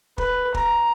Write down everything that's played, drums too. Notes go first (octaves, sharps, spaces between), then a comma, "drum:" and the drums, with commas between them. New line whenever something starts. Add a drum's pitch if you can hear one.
B4, drum: kick
A#5, drum: kick